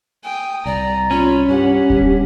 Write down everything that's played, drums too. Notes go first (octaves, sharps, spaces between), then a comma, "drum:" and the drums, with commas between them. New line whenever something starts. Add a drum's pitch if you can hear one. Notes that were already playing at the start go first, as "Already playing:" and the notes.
G5 G#5 D#6
C2 D5 A#5
C#4 F4 B5
G2 G4 F#5
G1 G2, drum: kick D#1